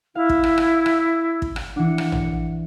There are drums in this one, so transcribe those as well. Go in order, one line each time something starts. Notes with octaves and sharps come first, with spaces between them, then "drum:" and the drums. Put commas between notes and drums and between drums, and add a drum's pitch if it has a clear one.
E4 F5
drum: kick
drum: rim click
drum: rim click
drum: rim click
drum: kick
drum: rim click
E3 D4 F#5
drum: rim click
drum: tom A#1